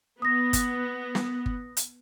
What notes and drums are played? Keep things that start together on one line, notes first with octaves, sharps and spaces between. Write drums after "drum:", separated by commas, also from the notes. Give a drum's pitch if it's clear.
B3 D#6 A#6
drum: kick G1, hi-hat
drum: snare
drum: kick G1
drum: hi-hat